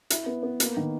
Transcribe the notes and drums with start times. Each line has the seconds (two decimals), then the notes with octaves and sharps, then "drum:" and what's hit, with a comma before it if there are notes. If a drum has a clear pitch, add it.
0.10 E4, drum: hi-hat
0.26 B3
0.43 B3
0.60 A#3, drum: hi-hat
0.77 D#3